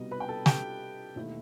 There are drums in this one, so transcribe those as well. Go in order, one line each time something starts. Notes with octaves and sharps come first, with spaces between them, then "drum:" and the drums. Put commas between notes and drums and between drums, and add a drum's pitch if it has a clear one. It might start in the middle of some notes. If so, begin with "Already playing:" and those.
Already playing: C2 B2 G3 B3 D#4 D#5
B4 B5
G5
A4 A5
G4 G5, drum: snare
E1 D#2 D#3 A3 E4